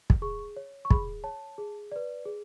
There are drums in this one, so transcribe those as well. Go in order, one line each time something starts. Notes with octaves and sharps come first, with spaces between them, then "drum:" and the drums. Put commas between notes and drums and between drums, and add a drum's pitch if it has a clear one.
drum: kick
G#4 C#6
C#5
C#6
G#4 B5, drum: kick
C#5 A5
G#4
B4 D5
G#4